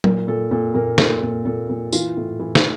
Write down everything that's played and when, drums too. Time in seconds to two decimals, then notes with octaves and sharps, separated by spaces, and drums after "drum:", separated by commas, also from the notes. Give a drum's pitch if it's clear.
0.04 A#2 A#4, drum: tom F#3
0.27 A#2 A4
0.51 A#2 A4
0.74 A#2 A#4
0.98 A#2 A4, drum: snare
1.22 A#2 A4
1.45 A#2 A4
1.69 A#2
1.93 E3 F4, drum: tambourine
2.17 A2
2.39 E3 E4
2.55 drum: snare